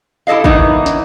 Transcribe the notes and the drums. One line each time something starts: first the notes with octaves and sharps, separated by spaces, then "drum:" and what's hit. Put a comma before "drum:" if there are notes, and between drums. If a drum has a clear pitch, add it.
E4 G4 A4 D#5 F5
E3 A#3 B3 D#4, drum: kick
drum: snare